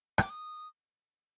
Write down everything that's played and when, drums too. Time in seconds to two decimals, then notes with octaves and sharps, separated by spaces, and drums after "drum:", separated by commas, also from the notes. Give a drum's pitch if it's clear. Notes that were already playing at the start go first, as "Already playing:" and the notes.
0.18 D6, drum: rim click
0.30 D#6